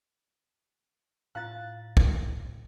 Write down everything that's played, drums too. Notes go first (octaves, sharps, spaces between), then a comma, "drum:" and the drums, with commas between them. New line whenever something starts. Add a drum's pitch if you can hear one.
A2 F4 F5 A#5 F#6 A6
drum: kick